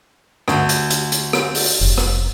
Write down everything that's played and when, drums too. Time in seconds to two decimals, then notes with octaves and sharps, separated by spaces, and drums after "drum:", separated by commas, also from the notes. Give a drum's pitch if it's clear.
0.48 D2, drum: rim click
0.69 drum: hi-hat
0.90 drum: hi-hat
1.12 drum: hi-hat
1.33 drum: rim click
1.55 drum: open hi-hat
1.81 F1
1.98 drum: rim click